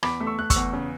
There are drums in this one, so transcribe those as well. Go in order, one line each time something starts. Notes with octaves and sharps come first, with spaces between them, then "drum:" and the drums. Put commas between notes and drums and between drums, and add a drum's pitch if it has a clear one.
E2 B5 D6, drum: rim click
A3
C#6 E6
A3 F#6
C#6 E6, drum: kick, hi-hat
E2
C#3